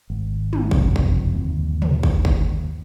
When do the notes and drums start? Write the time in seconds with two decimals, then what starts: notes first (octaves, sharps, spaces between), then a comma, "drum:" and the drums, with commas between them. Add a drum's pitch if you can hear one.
0.10 G#1
0.53 drum: tom
0.71 F#1 C2 F2, drum: kick
0.96 drum: kick
1.35 G1 D#2
1.82 drum: tom
2.03 drum: kick
2.25 drum: kick